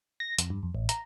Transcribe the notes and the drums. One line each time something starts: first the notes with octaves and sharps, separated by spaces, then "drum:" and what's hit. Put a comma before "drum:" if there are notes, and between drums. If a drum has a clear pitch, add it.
A#6
F2, drum: hi-hat
G2
F2
A1
A#5, drum: hi-hat